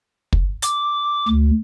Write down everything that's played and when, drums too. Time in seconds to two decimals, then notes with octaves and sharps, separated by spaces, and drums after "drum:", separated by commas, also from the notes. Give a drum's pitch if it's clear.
0.33 drum: kick
0.62 D6, drum: hi-hat
1.28 D2